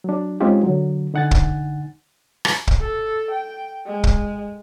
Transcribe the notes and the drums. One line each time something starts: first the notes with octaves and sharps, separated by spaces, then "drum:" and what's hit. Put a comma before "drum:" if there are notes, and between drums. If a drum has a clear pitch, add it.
F#3 D4
G#3 C4 C#4 D#4 F4 G4
D3 F#3
D3 D#4 F#5 G#5 A6
drum: kick
drum: rim click
drum: kick
A4
G5
G#3
drum: kick